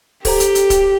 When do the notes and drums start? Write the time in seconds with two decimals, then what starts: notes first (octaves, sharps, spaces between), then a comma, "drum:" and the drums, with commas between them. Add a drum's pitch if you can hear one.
0.25 G4 A4 C5 A#5, drum: kick, open hi-hat
0.40 drum: hi-hat
0.55 drum: hi-hat
0.70 drum: kick, hi-hat